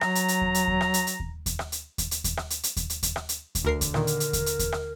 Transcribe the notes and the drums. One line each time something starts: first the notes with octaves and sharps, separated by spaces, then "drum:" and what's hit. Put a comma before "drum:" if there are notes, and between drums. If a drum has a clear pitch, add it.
F#3 A#5, drum: rim click
drum: hi-hat
drum: hi-hat
drum: kick D#2
drum: hi-hat
drum: kick D#2
drum: rim click
drum: hi-hat
drum: hi-hat
drum: kick D#2
drum: kick D#2, hi-hat
drum: rim click
drum: hi-hat
drum: kick D#2, hi-hat
drum: hi-hat
drum: kick D#2, hi-hat
drum: rim click
drum: hi-hat
drum: hi-hat
drum: kick D#2, hi-hat
drum: hi-hat
drum: kick D#2, hi-hat
drum: rim click
drum: hi-hat
drum: kick D#2, hi-hat
D2 D3 A#4 C7
drum: kick D#2, hi-hat
A#2 D#3 A#4, drum: rim click
drum: hi-hat
drum: hi-hat
drum: kick D#2, hi-hat
drum: hi-hat
drum: kick D#2, hi-hat
drum: rim click